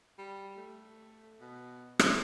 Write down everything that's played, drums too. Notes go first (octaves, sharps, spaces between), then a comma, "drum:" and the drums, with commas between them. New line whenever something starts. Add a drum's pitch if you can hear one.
G3
A3
B2
drum: rim click